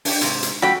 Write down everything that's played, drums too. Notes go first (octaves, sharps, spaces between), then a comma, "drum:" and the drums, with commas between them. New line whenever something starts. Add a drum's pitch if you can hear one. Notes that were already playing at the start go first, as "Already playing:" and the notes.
D4 G4, drum: open hi-hat
G#2 C3, drum: hi-hat
drum: hi-hat
F#2 A3 F#4 G5 B5